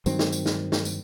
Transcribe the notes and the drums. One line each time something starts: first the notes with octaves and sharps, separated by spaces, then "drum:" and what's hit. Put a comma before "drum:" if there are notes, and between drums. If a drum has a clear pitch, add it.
G2 D#3 F#3 C4, drum: tambourine
drum: snare
drum: tambourine
drum: snare
drum: snare
drum: tambourine